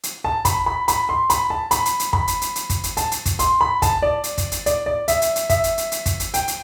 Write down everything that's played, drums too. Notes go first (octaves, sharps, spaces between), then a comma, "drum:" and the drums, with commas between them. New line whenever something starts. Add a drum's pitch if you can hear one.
drum: hi-hat
A5
B5, drum: kick, hi-hat
B5
B5, drum: hi-hat
C6
B5, drum: hi-hat
A5
B5, drum: hi-hat
drum: hi-hat
drum: hi-hat
B5, drum: kick
drum: hi-hat
drum: hi-hat
drum: hi-hat
drum: kick, hi-hat
drum: hi-hat
A5, drum: hi-hat
drum: hi-hat
drum: kick, hi-hat
C6, drum: hi-hat
B5
A5, drum: kick, hi-hat
D5
drum: hi-hat
drum: kick, hi-hat
drum: hi-hat
D5, drum: hi-hat
D5
E5, drum: hi-hat
drum: hi-hat
drum: hi-hat
E5, drum: kick, hi-hat
drum: hi-hat
drum: hi-hat
drum: hi-hat
drum: kick, hi-hat
drum: hi-hat
G5, drum: hi-hat
drum: hi-hat